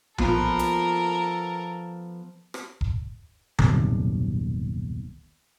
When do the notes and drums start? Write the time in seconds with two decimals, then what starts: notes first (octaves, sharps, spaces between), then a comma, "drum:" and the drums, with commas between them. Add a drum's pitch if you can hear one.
0.18 F3 B3 F4 A4 A#4, drum: tom B1
0.59 drum: hi-hat
2.54 drum: rim click
2.81 drum: kick E1
3.58 D#1 B1 F#2 C3, drum: tom D3